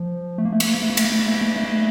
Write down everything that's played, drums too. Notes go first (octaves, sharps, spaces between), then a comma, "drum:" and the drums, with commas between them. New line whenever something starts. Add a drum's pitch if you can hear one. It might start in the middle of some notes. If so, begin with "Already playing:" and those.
Already playing: F3
A3
A#3
A3
A#3, drum: cymbal
A3
A#3
A3
A#3
A3, drum: cymbal
A#3
A3
A#3
A3
A#3
A3
A#3
A3
A#3
A3